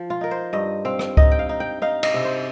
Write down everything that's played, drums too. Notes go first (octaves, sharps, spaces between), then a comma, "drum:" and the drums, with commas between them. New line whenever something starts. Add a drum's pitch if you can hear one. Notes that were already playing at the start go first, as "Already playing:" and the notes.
Already playing: F3
F4
D#4 A#4
C5
G2 D#5
C4 F5
drum: rim click
D#4 D#5, drum: kick C#2
G5
F5
D#4
G5
D#4 F5
D#5, drum: cymbal
C3
C5